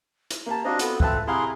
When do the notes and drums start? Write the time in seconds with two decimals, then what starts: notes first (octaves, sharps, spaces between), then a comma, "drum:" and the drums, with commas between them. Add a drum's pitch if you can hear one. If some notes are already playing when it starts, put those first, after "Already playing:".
0.31 drum: hi-hat
0.46 A#3 G4 A5 A#5
0.65 C4 D4 F4 F#4 D#5
0.79 B3 A4, drum: hi-hat
1.00 C4 F4 B4 E5 A5, drum: kick C#2
1.27 C3 E4 G#4 F5 A#5 C6